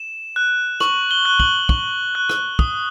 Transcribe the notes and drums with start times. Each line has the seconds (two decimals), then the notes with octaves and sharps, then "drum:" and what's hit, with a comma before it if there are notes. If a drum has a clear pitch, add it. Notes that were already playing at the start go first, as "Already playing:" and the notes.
Already playing: E7
0.36 F#6
0.80 C#6 F#7, drum: rim click
1.11 G7
1.25 F#6
1.40 F#7, drum: kick
1.69 C#6, drum: kick
2.15 F#6
2.29 drum: rim click
2.59 D#6, drum: kick